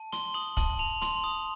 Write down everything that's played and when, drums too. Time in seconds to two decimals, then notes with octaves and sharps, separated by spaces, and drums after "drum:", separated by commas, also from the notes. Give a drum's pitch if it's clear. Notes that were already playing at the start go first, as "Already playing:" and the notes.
Already playing: A5
0.12 C6 G7, drum: hi-hat
0.34 D#6 F#7
0.57 A5 F#7, drum: kick, hi-hat
0.79 A5 F7
1.02 C6, drum: hi-hat
1.24 D#6